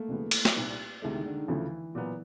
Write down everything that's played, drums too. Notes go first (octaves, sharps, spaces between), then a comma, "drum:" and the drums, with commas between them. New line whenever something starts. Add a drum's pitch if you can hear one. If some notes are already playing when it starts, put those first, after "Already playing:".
Already playing: A3 A#3
D#2 C#3 F3 G#3 B3
drum: cymbal
drum: snare
C2 A#2 G3 C4 D#4
D2 C3 E3 G#3 A3
D#3
D3
D#3
D2 C#3 E3 F3 A3
A#2 F#3 B3